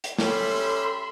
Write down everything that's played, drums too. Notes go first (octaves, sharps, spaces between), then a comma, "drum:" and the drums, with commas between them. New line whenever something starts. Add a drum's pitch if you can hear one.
drum: hi-hat
G3 C#4 G4 A4 E5 B5 C6, drum: snare